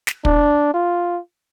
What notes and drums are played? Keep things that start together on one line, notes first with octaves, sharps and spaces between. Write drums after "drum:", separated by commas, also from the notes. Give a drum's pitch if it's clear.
drum: snare
D4, drum: kick
F4